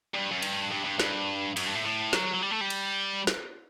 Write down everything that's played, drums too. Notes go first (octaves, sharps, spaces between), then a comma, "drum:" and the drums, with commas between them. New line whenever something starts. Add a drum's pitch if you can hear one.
G2
F#2
G2, drum: cymbal
G2
G2
G2, drum: snare
F#2, drum: cymbal
G2
A2
A2
F#3, drum: snare
F#3
G3
A3
G3
drum: cymbal
drum: snare